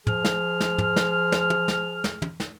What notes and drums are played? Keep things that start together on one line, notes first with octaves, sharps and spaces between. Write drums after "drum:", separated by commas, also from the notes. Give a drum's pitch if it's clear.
F3 G#4 F6, drum: tom
drum: snare
drum: snare
drum: tom
drum: snare
drum: snare
drum: tom
drum: snare
drum: snare
drum: tom
drum: snare